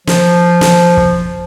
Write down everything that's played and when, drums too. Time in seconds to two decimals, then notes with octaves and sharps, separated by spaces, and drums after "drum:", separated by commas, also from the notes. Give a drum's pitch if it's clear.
0.07 F3, drum: snare
0.61 drum: snare
0.97 drum: kick